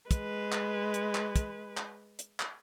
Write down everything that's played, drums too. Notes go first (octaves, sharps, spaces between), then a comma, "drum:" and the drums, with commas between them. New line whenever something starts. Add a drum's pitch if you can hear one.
G#3 B4, drum: kick, hi-hat
drum: clap
drum: hi-hat
drum: clap
drum: kick, hi-hat
drum: clap
drum: hi-hat
drum: clap